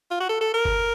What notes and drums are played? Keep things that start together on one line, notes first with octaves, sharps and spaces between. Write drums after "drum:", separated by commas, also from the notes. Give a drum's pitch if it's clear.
F4
F#4
A4
A4
A#4
drum: kick G1